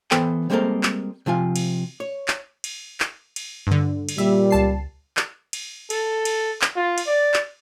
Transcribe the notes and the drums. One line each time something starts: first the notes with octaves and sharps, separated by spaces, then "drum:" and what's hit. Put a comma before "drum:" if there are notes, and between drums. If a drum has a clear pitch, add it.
E3 B3 A4 C5 G5, drum: clap
G3 G#3 A#3 C4 A4 A#4
drum: clap
C3 F3 F4 G#5
drum: cymbal
C#5
drum: clap
drum: cymbal
drum: clap
drum: cymbal
G2 D3
drum: cymbal
A#2 G3 E5
C#2 A5 C7
drum: clap
drum: cymbal
A4, drum: cymbal
drum: cymbal
drum: clap
F4
drum: cymbal
D5
drum: clap